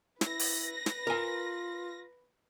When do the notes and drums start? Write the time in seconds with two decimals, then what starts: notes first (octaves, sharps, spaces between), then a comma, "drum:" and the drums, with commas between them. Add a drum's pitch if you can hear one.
0.21 E4 B4 A#6, drum: snare
0.39 drum: open hi-hat
0.86 drum: snare
1.07 F4 A#4 G#5